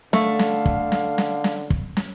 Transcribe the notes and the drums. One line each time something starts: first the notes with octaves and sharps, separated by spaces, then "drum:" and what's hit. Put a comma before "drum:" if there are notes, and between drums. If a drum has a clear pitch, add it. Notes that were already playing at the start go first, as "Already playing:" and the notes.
D3 A3 F5, drum: snare
drum: snare
drum: kick
drum: snare
drum: snare
drum: snare
drum: kick
drum: snare